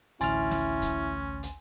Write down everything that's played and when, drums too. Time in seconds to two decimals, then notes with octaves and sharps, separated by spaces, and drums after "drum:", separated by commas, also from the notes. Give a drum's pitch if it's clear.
0.21 A1 D2 C#4 E4 G#5 C6 F6 A6, drum: hi-hat
0.51 drum: snare
0.82 drum: kick, hi-hat
1.43 drum: hi-hat